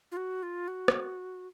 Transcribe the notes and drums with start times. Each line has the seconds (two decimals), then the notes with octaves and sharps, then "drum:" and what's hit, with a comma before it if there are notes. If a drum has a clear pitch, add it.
0.12 F4
0.17 F#4
0.43 F4
0.68 F#4
0.88 drum: rim click